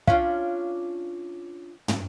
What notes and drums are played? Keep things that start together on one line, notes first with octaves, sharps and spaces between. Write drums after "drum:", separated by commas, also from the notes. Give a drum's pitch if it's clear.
C#4 D4 F4 F5, drum: kick
drum: tom